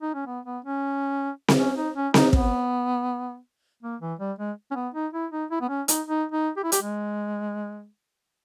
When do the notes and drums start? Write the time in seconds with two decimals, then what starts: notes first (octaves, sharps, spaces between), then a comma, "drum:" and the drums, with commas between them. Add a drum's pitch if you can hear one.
0.01 D#4
0.14 C#4
0.27 B3
0.46 B3
0.65 C#4
1.48 drum: snare C4
1.58 C#4
1.76 D#4
1.96 C#4
2.14 D#4, drum: snare C4
2.33 B3, drum: kick
3.83 A#3
4.01 E3
4.19 G3
4.39 G#3
4.71 C#4
4.75 B3
4.94 D#4
5.13 E4
5.32 D#4
5.51 E4
5.61 B3
5.69 C#4
5.88 D#4, drum: hi-hat
6.07 D#4
6.32 D#4
6.57 G4
6.64 E4
6.72 G4, drum: hi-hat
6.82 G#3